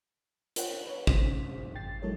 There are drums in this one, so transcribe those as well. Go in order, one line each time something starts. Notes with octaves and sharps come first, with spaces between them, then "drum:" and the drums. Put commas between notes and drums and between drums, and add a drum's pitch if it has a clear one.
F4 A#4 C5 C#5 F#5 G5, drum: hi-hat
B4 C#5
C3 C#4 C5 B6, drum: kick
G#1 G5 A6 C7
F#3 G#3 E4 A4 A#4 C#5